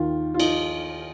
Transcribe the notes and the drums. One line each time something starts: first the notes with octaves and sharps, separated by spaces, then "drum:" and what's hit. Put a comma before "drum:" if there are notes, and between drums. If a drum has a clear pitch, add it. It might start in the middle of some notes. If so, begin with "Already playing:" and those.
Already playing: D#2 D#3 F4
F4
D#4, drum: cymbal